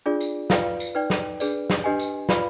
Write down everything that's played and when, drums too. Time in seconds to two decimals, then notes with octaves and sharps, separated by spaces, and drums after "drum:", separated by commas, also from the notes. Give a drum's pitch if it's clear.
0.06 D4 F4 G#4 D5
0.21 drum: tambourine
0.50 F4 B4 D5 F5, drum: snare
0.80 drum: tambourine
0.95 D#4 B4 D5 G5
1.10 drum: snare
1.40 D4 G#4 B4 D5, drum: tambourine
1.70 drum: snare
1.84 D4 G4 B4 D#5 G#5
1.99 drum: tambourine
2.29 F4 B4 D5 F5 B5, drum: snare